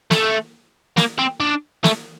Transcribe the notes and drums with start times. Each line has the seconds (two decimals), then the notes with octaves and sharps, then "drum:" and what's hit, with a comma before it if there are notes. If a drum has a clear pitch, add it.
0.11 A3, drum: snare
0.97 A#3, drum: snare
1.19 C4
1.40 D4
1.84 A3, drum: snare